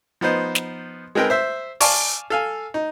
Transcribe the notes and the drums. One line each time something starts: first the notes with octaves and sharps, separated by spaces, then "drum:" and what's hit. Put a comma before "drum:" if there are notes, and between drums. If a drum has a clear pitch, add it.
F3 B3 D#4 C5
drum: snare
G#3 C4 D#4 A#4 B4 G5
C5 E5
D5 F5 G#5 A5 C#6, drum: open hi-hat
A4 F5 G#5
D#4